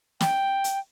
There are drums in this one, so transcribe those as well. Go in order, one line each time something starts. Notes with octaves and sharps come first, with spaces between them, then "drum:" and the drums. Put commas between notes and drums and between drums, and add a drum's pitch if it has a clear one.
G5, drum: snare
drum: hi-hat